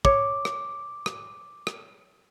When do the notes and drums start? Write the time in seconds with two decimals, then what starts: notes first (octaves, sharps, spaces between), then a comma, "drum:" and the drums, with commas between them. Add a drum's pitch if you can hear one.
0.05 C#5 D6, drum: kick
0.45 drum: rim click
1.06 drum: rim click
1.67 drum: rim click